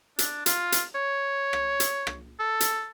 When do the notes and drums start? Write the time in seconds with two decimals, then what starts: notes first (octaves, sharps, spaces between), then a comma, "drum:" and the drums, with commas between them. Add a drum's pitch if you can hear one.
0.19 D4, drum: hi-hat
0.46 F4, drum: hi-hat
0.72 drum: hi-hat
0.95 C#5
1.53 drum: rim click
1.80 drum: hi-hat
2.07 drum: rim click
2.39 A4
2.60 drum: hi-hat